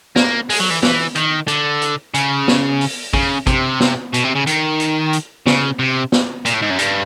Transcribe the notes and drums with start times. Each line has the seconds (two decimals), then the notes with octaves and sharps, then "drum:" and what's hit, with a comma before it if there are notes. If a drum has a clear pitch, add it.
0.16 A#3, drum: snare B3
0.50 G#3, drum: open hi-hat
0.60 F#3
0.71 E3
0.83 E3, drum: snare B3
1.15 D#3, drum: hi-hat
1.48 D3, drum: hi-hat
1.82 drum: hi-hat
2.14 C#3, drum: hi-hat
2.48 drum: snare B3
2.81 drum: open hi-hat
3.13 C#3, drum: kick
3.47 C3, drum: kick, hi-hat
3.80 drum: snare B3
4.14 B2, drum: hi-hat
4.24 C3
4.36 C#3
4.47 D#3, drum: hi-hat
4.80 drum: hi-hat
5.13 drum: hi-hat
5.46 C#3, drum: snare B3
5.79 C3
6.12 drum: snare B3
6.45 A#2, drum: hi-hat
6.54 A2
6.62 G#2
6.70 F#2
6.79 G2, drum: hi-hat